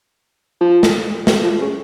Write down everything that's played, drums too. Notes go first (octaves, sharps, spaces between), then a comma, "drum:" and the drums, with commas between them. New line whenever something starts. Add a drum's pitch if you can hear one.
F3
drum: snare
F#3, drum: snare
F3
C#3